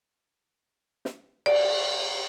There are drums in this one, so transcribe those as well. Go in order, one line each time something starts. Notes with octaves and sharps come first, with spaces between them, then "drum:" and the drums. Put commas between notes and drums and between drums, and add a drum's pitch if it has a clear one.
drum: snare
D5, drum: cymbal